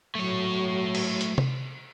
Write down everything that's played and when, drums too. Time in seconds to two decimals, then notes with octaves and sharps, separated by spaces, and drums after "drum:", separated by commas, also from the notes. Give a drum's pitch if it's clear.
0.15 F#3 A3 C#5
0.95 drum: cymbal
1.21 drum: hi-hat
1.38 drum: tom C3